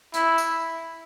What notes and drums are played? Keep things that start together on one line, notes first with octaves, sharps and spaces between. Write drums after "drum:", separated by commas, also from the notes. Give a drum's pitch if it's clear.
E4, drum: hi-hat
drum: tambourine